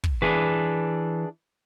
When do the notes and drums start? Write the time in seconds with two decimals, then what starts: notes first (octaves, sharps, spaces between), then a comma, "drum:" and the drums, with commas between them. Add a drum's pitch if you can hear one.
0.04 drum: kick
0.22 E3 D4 G#4 B4